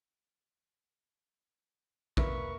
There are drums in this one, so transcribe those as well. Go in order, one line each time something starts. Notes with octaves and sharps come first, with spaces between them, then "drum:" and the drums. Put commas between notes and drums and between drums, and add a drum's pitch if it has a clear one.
A#3 A#4 B4 E5 C#6, drum: kick A#1